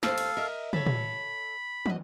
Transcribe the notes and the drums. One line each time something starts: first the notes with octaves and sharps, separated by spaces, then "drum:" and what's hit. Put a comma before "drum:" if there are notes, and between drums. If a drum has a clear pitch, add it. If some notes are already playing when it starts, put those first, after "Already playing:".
D#2 A4 C5 F5, drum: snare
drum: cymbal
A#4 D#5 E5
A4 C#5 B5, drum: tom
drum: tom
F#4 D#5, drum: tom